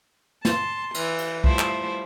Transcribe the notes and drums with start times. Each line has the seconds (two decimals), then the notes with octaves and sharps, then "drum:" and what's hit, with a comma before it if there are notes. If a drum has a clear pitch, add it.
0.45 A5 C6, drum: snare
0.94 E3, drum: cymbal
1.19 drum: cymbal
1.44 F3 G3 A3 E4 C5, drum: kick
1.59 drum: clap